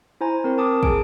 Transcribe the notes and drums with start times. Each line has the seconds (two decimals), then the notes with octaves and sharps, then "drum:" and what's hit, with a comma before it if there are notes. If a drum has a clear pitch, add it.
0.21 E4 C5 G#5 A#5
0.44 C4 A#4
0.58 A#4 A5 D6 D#6
0.83 G#4 G#5 D7, drum: kick